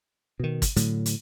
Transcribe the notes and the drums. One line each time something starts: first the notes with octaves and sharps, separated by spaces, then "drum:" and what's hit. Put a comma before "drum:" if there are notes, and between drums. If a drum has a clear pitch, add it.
B2 D#3
drum: kick, hi-hat
A2 D3 F#3, drum: hi-hat
drum: hi-hat